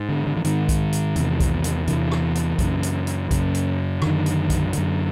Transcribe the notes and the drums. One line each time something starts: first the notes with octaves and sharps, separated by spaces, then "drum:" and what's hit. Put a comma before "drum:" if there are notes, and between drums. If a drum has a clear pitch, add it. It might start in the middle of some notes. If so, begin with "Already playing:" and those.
Already playing: G#2
D3
D3
E3
G#2 D#3, drum: hi-hat
drum: kick B1, hi-hat
drum: hi-hat
E2 C3, drum: hi-hat
drum: kick B1, hi-hat
drum: hi-hat
E2 C3 E3, drum: hi-hat
drum: rim click
drum: hi-hat
F#2 C#3, drum: kick B1, hi-hat
drum: hi-hat
drum: hi-hat
F#2 C#3, drum: kick B1, hi-hat
drum: hi-hat
F#2 D3 D#3, drum: rim click
drum: hi-hat
drum: kick B1, hi-hat
F#2 D3, drum: hi-hat